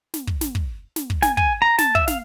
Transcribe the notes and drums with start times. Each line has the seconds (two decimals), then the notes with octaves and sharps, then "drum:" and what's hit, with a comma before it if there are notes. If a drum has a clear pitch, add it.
0.14 drum: snare
0.27 drum: kick
0.41 drum: snare
0.55 drum: kick
0.96 drum: snare
1.10 drum: kick
1.22 G#5, drum: snare
1.37 G#5, drum: kick
1.62 A#5
1.78 A5, drum: snare
1.95 E5, drum: kick
2.08 F5, drum: snare